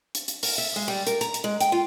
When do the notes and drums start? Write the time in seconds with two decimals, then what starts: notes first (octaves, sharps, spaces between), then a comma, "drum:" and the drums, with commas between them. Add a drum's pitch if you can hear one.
0.15 drum: hi-hat
0.28 drum: hi-hat
0.43 A#4, drum: open hi-hat
0.58 E5
0.76 G#3
0.88 G3
1.07 A#4, drum: hi-hat
1.21 A#5, drum: hi-hat
1.34 drum: hi-hat
1.44 G#3
1.60 G5, drum: hi-hat
1.72 F4